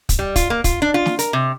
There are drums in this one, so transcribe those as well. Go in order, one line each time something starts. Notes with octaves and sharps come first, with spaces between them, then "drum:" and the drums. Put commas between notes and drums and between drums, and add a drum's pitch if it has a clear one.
drum: kick, hi-hat
G3
F4, drum: kick, hi-hat
A#3
F4, drum: kick, hi-hat
D4
F4
drum: snare
A#4, drum: hi-hat
C3